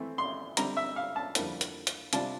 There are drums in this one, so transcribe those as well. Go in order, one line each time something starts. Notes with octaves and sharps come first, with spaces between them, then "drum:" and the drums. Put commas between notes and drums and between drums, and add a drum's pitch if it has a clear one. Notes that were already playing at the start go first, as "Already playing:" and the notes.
Already playing: E3 A3 C4
C6
D3 G3 C4 A#5, drum: hi-hat
E5
F5
A5
F2 D3 G3 A#3 E4, drum: hi-hat
drum: hi-hat
drum: hi-hat
C3 G3 D4 F4 A5, drum: hi-hat